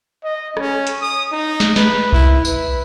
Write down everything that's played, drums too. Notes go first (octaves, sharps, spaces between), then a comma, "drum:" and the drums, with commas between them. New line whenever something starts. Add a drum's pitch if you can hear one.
D#5
C#4, drum: rim click
drum: hi-hat
D#6
D#4
drum: snare
B4, drum: snare
E4, drum: kick B1
B4, drum: tambourine